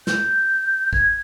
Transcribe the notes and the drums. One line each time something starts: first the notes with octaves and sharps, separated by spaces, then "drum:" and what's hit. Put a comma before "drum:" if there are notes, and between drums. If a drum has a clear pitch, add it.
G6, drum: snare
G#6, drum: kick